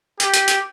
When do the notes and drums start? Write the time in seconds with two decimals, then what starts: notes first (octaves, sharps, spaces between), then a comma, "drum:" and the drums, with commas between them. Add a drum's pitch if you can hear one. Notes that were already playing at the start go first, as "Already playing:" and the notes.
0.20 G4, drum: hi-hat
0.34 drum: hi-hat
0.48 drum: hi-hat